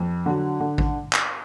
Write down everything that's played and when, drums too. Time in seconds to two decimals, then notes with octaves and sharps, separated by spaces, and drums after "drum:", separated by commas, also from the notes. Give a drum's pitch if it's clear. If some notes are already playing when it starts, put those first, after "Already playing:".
Already playing: F2
0.26 D3 F#3
0.60 D3
0.78 drum: kick A1
1.13 drum: clap